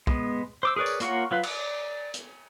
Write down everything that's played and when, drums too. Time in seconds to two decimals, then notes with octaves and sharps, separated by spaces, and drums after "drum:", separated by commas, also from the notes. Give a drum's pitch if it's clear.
0.07 G#3 B3, drum: kick
0.63 C5 D6 E6
0.76 G#4 A#4 B4 C#5 D5
0.86 drum: tambourine
1.00 A#3 F4 A#4 C#5 F#5, drum: hi-hat
1.31 F#3 F4 B4
1.43 D5, drum: cymbal
2.14 drum: hi-hat